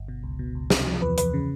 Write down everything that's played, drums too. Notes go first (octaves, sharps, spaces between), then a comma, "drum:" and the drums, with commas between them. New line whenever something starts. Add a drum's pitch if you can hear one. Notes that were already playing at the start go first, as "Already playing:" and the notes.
Already playing: G1
B2
C#2
B2
C#2
C3, drum: snare
F3
E2 B4
E2 B4, drum: hi-hat
C#3